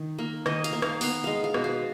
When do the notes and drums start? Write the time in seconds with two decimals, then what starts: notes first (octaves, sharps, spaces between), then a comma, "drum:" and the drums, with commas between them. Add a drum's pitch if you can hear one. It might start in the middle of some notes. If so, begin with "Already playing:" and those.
Already playing: D#3
0.18 A#3
0.46 D#3 D#5, drum: rim click
0.64 F5, drum: hi-hat
0.73 A#3
0.82 F5, drum: rim click
1.01 B3 F5, drum: open hi-hat
1.24 G#3 F5
1.44 F5
1.54 B2, drum: rim click
1.64 F5